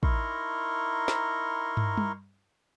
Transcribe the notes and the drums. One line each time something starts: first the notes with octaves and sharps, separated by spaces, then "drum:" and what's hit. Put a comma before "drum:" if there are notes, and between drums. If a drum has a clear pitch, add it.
D#4 E4 A#4 A#5 C6 C#6, drum: kick
drum: snare
drum: tom
drum: tom G3